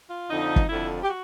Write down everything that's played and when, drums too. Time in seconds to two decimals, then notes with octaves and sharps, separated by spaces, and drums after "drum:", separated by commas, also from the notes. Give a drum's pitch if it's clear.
0.09 F4
0.29 F2 D3 F3 D#4
0.56 drum: kick
0.69 F2 D3 F3 E4
1.03 G4
1.09 F#4